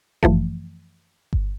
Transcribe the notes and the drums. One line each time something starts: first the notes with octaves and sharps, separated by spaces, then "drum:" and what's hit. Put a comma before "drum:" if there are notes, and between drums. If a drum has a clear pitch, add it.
F#2 E3 F3 A3, drum: kick G1
drum: kick G1